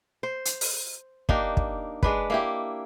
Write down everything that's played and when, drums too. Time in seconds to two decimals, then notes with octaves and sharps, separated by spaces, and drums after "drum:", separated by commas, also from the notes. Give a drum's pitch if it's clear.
0.23 C5
0.45 drum: hi-hat
0.61 drum: open hi-hat
1.29 A#3 D4 D#4 G4, drum: kick
1.57 drum: kick
2.03 G#3 D4 B4, drum: kick
2.30 A#3 E4 G4